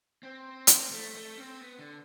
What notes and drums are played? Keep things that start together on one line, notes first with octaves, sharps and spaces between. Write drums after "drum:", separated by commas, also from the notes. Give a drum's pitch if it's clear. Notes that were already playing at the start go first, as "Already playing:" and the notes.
C4
drum: hi-hat
A3
A3
C4
B3
D3